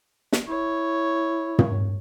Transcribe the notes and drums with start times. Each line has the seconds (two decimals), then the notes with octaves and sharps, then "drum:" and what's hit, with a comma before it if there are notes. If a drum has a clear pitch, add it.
0.32 drum: snare
0.48 E4 C#5
1.59 drum: tom